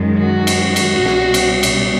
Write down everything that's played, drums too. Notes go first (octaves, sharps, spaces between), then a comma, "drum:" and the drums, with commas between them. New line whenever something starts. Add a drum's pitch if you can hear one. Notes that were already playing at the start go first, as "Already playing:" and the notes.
Already playing: F#2 D#3 G#3
F#4
drum: cymbal
drum: cymbal
C2 B2 G3, drum: snare
drum: cymbal
drum: cymbal